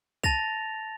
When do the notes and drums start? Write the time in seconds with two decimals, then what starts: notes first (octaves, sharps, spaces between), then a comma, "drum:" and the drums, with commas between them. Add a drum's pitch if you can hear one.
0.24 A5 A6 A#6 F7, drum: kick